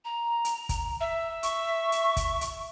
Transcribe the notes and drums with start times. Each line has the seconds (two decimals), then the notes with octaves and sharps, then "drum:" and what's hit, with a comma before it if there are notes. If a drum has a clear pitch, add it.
0.05 A#5
0.45 drum: hi-hat
0.69 drum: kick, hi-hat
1.00 E5
1.43 C#6, drum: hi-hat
1.92 drum: hi-hat
2.17 drum: kick, hi-hat
2.41 drum: hi-hat